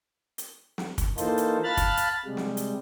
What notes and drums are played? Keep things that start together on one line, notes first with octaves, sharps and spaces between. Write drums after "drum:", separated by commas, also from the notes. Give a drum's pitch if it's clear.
drum: hi-hat
drum: snare
drum: kick, hi-hat
E3 A#3 D#4 F4 A4 C5, drum: hi-hat
drum: hi-hat
F5 A5 B5 F6 F#6 A6
drum: kick, hi-hat
drum: hi-hat
C3 G3 G#3
drum: snare
drum: hi-hat